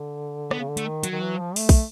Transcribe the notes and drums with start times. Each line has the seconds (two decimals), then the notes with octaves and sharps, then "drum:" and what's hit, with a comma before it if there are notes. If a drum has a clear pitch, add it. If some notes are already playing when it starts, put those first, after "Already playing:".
Already playing: D3
0.51 B3, drum: rim click
0.60 C#3
0.69 D3
0.77 A3, drum: hi-hat
0.87 D#3
1.03 F#3, drum: hi-hat
1.12 D#3
1.21 E3
1.39 F3
1.56 A3, drum: open hi-hat
1.69 drum: kick, open hi-hat